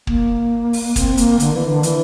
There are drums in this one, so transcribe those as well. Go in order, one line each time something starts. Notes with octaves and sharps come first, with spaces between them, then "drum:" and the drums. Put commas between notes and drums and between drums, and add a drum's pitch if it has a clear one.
A#3, drum: kick
drum: open hi-hat
C4, drum: kick, hi-hat
A#3, drum: hi-hat
D3, drum: hi-hat
E3
D3
E3, drum: hi-hat